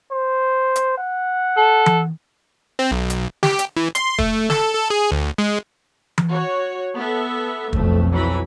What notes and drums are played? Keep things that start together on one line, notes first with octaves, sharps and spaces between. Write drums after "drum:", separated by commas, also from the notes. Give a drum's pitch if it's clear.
C5
drum: hi-hat
F#5
A4
drum: tom E3
C4
B1
drum: hi-hat
G4, drum: snare
drum: hi-hat
E3
C6, drum: hi-hat
A3, drum: kick
A4, drum: snare
A4
G#4
D2
G#3
drum: tom E3
F#4 C#5
B3 A4 E5
B1 F2 A3, drum: kick
E3 F#3 B5